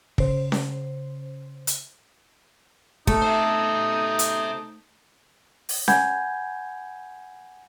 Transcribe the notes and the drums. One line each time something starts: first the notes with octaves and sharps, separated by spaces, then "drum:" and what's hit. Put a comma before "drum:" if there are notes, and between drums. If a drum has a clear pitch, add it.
C#3 C5, drum: kick
drum: snare C#4
drum: hi-hat
A3 D#4 A4, drum: kick
C5 E5
drum: hi-hat
drum: open hi-hat
F#5 G#5 B5 G6 G#6, drum: snare C#4